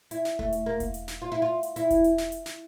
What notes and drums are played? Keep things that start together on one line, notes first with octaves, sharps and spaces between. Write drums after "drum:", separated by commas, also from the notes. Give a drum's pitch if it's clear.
E4, drum: hi-hat
drum: snare
A3, drum: kick E1
drum: hi-hat
A#3
drum: kick E1, hi-hat
drum: hi-hat
drum: snare
F4
E4
F4
drum: hi-hat
E4, drum: hi-hat
drum: kick E1, hi-hat
drum: hi-hat
drum: snare
drum: hi-hat
drum: snare